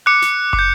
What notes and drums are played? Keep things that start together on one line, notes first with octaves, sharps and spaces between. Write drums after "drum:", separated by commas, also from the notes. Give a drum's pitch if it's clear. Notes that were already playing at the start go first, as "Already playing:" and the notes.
D6 F#6 C#7
drum: snare
D6, drum: kick
G6